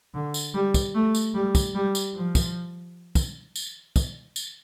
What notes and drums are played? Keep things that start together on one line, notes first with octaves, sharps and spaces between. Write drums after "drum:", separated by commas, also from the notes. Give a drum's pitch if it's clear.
D3
drum: tambourine
G3
drum: kick, tambourine
A3
drum: tambourine
G3
drum: kick, tambourine
G3
drum: tambourine
F3
drum: kick, tambourine
drum: kick, tambourine
drum: tambourine
drum: kick, tambourine
drum: tambourine